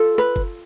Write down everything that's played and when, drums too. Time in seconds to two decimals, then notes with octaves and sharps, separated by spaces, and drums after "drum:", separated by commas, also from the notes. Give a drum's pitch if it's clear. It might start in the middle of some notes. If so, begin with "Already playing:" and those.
Already playing: F4 A4
0.18 B4
0.36 drum: kick F#1